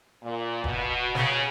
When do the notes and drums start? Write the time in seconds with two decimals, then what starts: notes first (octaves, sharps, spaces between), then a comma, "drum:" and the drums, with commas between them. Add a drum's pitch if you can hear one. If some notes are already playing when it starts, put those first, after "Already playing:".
0.22 A#2
0.64 B2, drum: kick F1
1.15 C#3, drum: snare